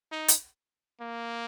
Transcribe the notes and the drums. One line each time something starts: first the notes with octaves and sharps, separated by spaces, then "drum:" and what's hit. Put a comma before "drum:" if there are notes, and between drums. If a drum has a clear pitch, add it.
D#4
drum: hi-hat
A#3